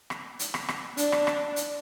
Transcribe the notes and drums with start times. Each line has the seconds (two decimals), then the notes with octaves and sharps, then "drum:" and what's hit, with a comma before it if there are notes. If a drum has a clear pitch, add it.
0.10 drum: rim click
0.39 drum: hi-hat
0.54 drum: rim click
0.69 drum: rim click
0.97 D4, drum: hi-hat
1.12 drum: rim click
1.27 drum: rim click
1.56 drum: hi-hat